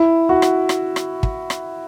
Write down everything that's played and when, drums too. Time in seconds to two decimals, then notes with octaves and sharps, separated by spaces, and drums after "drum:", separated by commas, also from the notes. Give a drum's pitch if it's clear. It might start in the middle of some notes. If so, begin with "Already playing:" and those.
Already playing: E4
0.29 F#4
0.42 drum: rim click
0.69 drum: rim click
0.96 drum: rim click
1.23 drum: kick
1.50 drum: rim click